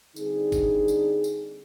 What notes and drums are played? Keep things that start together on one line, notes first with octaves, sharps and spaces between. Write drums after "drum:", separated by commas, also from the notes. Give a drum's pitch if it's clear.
D3 G3 C4 D4 D#4 G#4, drum: tambourine
drum: kick G1, tambourine
drum: tambourine
drum: tambourine